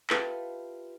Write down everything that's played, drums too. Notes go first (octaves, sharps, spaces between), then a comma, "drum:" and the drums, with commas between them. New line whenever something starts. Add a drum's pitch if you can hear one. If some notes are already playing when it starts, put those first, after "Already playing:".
F4 G4 A4 B4 E5 F5, drum: clap